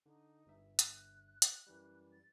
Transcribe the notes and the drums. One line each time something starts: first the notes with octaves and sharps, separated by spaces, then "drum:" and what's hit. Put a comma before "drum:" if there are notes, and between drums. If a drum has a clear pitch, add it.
D3 D#4
G1 G2 E5
F#6, drum: hi-hat
drum: hi-hat
F#2 E3 G3
A6